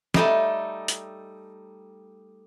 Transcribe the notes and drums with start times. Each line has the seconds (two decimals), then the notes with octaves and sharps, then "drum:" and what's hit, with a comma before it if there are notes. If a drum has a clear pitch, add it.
0.14 G3 A3 D#4 A4 G#5 A5, drum: snare
0.88 drum: hi-hat